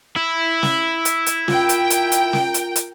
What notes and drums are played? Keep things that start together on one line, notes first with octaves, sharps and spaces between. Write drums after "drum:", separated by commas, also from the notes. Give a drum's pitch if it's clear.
E4
drum: snare
drum: hi-hat
drum: hi-hat
F4 A#4 G5, drum: snare
drum: hi-hat
drum: hi-hat
drum: hi-hat
drum: snare
drum: hi-hat
drum: hi-hat